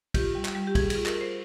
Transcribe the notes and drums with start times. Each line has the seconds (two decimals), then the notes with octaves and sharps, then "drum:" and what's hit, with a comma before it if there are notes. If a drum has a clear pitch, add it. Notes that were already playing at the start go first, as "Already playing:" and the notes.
0.14 F4 G4, drum: kick, cymbal
0.35 G3
0.45 drum: clap
0.55 G3
0.67 G4
0.75 G3 G#4, drum: kick, cymbal
0.90 G#4, drum: cymbal
0.95 F4
1.06 A#4, drum: clap
1.16 F4 C5